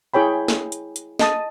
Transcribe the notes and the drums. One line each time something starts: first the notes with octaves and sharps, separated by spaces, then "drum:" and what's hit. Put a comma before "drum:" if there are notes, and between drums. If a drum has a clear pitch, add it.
E4 G#4 C#5 G5 B5
drum: snare
drum: hi-hat
drum: hi-hat
D#5 A5 D#6, drum: snare